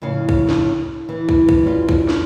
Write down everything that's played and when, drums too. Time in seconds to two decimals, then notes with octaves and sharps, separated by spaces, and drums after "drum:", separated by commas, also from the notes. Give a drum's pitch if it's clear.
0.02 F2 A2 C#3 F5
0.29 drum: kick
0.49 drum: snare
1.09 E3
1.29 drum: kick
1.49 drum: kick
1.63 G3 C#4 F4
1.89 drum: kick
2.09 drum: snare